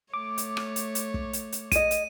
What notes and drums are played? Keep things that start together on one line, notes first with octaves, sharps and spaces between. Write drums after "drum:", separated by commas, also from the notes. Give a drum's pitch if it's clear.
A3 C#5 D6
drum: hi-hat
drum: rim click
drum: hi-hat
drum: hi-hat
drum: kick
drum: hi-hat
drum: hi-hat
G#4 D#5 D#7, drum: kick, hi-hat
drum: hi-hat